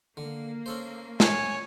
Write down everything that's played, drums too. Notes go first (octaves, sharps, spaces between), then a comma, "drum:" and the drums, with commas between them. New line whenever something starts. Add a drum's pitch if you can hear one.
D3 A#3
C#4 A4 C5
C#5 G#5, drum: snare